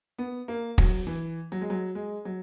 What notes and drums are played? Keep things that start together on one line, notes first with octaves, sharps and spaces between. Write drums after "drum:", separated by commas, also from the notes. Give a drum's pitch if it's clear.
B3
A#3
F#3, drum: kick
E3
F#3
G#3
F#3
G#3
F#3